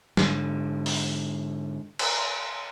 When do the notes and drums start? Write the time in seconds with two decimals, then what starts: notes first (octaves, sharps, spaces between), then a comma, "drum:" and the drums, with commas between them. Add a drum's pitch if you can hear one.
0.17 G#2 D3, drum: snare
0.86 drum: open hi-hat
1.99 drum: cymbal